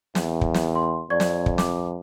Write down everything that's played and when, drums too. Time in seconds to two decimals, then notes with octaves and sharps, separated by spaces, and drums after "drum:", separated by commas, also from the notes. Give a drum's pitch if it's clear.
0.15 E2, drum: snare
0.41 drum: kick
0.54 drum: snare
0.75 C6
1.10 F2 D5 C#6 G#6
1.20 drum: snare
1.46 drum: kick
1.58 D6, drum: snare